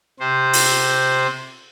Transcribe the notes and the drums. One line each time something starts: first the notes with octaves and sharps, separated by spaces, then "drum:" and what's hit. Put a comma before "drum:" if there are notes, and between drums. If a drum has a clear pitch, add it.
C3 C5
drum: open hi-hat